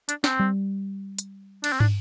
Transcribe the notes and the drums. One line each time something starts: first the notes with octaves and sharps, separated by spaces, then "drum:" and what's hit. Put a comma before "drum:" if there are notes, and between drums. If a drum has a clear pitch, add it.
D4, drum: hi-hat
C4, drum: snare
G3
drum: hi-hat
D4, drum: cymbal
C4
D4, drum: tom